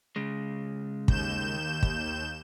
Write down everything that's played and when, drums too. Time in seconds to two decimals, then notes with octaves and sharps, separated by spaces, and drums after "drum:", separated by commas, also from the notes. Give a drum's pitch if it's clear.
0.16 C#3 G#3
1.08 D#2 G6 E7, drum: kick
1.83 drum: kick